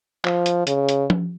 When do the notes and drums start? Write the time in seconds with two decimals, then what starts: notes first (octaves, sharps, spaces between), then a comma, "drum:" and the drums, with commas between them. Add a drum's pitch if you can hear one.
0.25 F3, drum: clap
0.46 drum: hi-hat
0.67 C#3, drum: hi-hat
0.89 drum: hi-hat
1.10 drum: tom F3